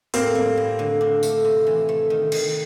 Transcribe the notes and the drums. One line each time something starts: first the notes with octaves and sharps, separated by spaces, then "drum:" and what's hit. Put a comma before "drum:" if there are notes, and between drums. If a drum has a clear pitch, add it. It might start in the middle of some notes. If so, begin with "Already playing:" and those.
A2 A#3 C4, drum: open hi-hat
G3
A2
D3
D4
A3, drum: tambourine
C3
E3
A3
D#3
D#3, drum: cymbal